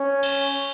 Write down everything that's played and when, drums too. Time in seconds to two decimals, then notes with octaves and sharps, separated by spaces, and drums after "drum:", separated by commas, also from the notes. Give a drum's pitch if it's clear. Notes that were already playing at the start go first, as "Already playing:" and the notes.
Already playing: C#4
0.23 drum: cymbal